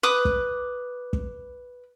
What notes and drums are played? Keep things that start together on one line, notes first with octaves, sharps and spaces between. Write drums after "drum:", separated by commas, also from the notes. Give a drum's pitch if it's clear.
B4 D6 D#6
drum: kick
drum: kick